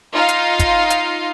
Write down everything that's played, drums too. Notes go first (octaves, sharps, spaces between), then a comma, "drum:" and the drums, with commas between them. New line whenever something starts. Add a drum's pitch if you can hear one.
D#4 F4 F5
drum: hi-hat
drum: kick, hi-hat
drum: hi-hat